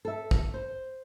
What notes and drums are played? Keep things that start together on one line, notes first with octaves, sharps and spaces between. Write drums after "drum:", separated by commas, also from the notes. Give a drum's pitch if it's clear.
A4 E5
drum: kick
C5